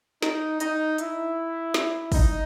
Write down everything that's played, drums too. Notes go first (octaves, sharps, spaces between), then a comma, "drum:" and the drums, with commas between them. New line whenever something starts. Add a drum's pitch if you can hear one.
D#4, drum: snare
D#4, drum: hi-hat
E4, drum: hi-hat
drum: snare
D#4, drum: kick, open hi-hat